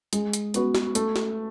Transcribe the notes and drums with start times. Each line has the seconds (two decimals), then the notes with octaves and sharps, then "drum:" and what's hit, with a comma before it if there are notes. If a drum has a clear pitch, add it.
0.13 G#3, drum: hi-hat
0.33 drum: hi-hat
0.54 B3 F#4 B4, drum: hi-hat
0.75 drum: snare
0.95 A3, drum: hi-hat
1.16 drum: snare